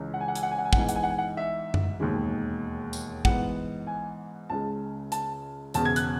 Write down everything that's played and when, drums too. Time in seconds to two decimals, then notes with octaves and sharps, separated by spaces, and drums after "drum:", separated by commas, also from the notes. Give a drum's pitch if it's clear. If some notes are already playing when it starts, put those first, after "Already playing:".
Already playing: C#2 C#3 E3 G#3 C#4
0.14 F#5
0.21 G#5
0.28 F#5
0.35 G#5, drum: hi-hat
0.43 F#5
0.51 G#5
0.58 F#5
0.65 G#5
0.73 F#5, drum: kick
0.75 G#2 E3 B3 D#4 G#5
0.89 F#5, drum: hi-hat
0.95 G#5
1.03 F#5
1.10 G#5
1.18 F#5
1.37 E5
1.74 drum: tom F#2
2.00 E1 D#2 D#3 G#3
2.93 drum: tambourine
3.25 G#2 E3 B3 F#5, drum: kick
3.87 G#5
4.50 C#2 C#3 G#3 A5
5.12 A5, drum: hi-hat
5.74 E1 E2 C#3 A5, drum: hi-hat
5.85 G#6
5.96 F#6, drum: hi-hat